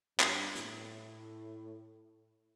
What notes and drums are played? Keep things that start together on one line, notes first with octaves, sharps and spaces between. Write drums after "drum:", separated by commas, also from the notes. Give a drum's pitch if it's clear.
G2, drum: clap
A2, drum: hi-hat